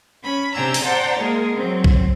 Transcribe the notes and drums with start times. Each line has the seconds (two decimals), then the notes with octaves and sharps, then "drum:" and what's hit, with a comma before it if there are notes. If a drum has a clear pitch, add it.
0.23 C#4 B5
0.54 C3 D4 G4 G#5 A#5 E6
0.74 drum: open hi-hat
0.84 C5 D5 F#5 G5 A5 A#5
1.20 G#3 A#3 G#4 A#4
1.55 F#3 C4
1.84 drum: kick B1